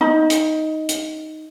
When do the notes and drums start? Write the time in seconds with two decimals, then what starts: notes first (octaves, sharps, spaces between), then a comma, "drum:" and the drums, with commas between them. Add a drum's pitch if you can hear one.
0.01 D#4
0.30 drum: hi-hat
0.89 drum: hi-hat